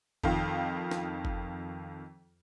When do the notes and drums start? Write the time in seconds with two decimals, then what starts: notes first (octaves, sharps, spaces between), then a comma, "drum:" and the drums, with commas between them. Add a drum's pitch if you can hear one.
0.24 F2 D#3 F4, drum: kick F#1
0.91 drum: snare
1.25 drum: kick F#1